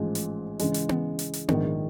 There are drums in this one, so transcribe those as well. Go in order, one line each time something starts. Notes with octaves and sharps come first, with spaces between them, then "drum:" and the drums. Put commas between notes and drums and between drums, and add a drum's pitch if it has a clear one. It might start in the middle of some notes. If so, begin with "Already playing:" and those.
Already playing: A1 G#2 F3 G#3
drum: hi-hat
C#3 E3 G#3, drum: hi-hat
drum: hi-hat
drum: tom B3
drum: hi-hat
drum: hi-hat
A#1 G#2 D#3, drum: tom B3